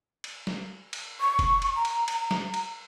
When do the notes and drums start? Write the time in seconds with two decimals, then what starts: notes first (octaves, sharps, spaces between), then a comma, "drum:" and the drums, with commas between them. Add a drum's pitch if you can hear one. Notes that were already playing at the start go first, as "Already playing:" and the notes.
0.24 drum: cymbal
0.47 drum: snare
0.93 drum: cymbal
1.20 C#6
1.39 drum: kick F1, cymbal
1.62 drum: cymbal
1.76 A#5
1.85 drum: cymbal
2.08 A#5, drum: cymbal
2.21 A#5
2.31 drum: snare
2.54 drum: cymbal